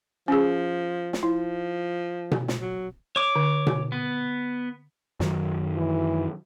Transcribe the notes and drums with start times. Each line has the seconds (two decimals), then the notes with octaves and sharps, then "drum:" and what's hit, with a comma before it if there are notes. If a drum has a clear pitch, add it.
0.28 F3 C#4 G#4
1.13 drum: snare
1.23 F3 E4
2.31 drum: tom B2
2.48 drum: snare
2.61 F#3
3.16 C#5 D6
3.36 D3
3.67 drum: tom B2
3.92 B3
5.20 F#2 D#3 F#3, drum: snare
5.77 E3